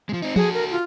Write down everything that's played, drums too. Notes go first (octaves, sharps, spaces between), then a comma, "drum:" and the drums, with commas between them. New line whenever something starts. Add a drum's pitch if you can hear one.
F3 G#3
C4 D#4
F#4 G#4 A4, drum: tom F3
A#4
F4